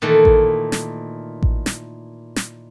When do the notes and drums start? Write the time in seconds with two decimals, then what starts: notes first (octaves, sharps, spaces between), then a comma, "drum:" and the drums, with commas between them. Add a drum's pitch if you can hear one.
0.02 A#2 D#3 E3 A3
0.25 drum: kick A1
0.72 drum: snare
1.43 drum: kick A1
1.66 drum: snare
2.36 drum: snare